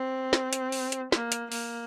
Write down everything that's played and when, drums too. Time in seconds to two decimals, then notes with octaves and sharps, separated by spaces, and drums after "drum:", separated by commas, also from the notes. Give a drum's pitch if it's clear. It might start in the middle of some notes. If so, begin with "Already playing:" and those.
Already playing: C4
0.33 drum: snare
0.53 drum: hi-hat
0.72 drum: open hi-hat
0.92 drum: hi-hat
1.12 A#3, drum: snare
1.32 drum: hi-hat
1.52 A#3, drum: open hi-hat